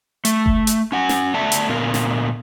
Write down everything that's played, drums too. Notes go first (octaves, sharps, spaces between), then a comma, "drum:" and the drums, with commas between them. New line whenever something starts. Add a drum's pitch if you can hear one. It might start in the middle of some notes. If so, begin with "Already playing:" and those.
A3, drum: hi-hat
drum: kick F#1
drum: hi-hat
C#4 F#5 G#5
drum: snare
A3 B3 A4 D5 E5 A5
drum: hi-hat
A#2 D3 B3 A#4 F5
drum: snare